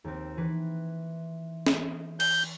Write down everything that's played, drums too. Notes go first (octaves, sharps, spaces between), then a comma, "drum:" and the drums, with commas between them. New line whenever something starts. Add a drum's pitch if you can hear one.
D#2 C4
E3 B4
drum: snare
G6, drum: cymbal